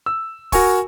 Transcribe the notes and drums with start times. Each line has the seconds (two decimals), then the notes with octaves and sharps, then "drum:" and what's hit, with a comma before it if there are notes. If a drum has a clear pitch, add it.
0.06 E6
0.52 F#4 A#4 G#5 C#6, drum: kick, open hi-hat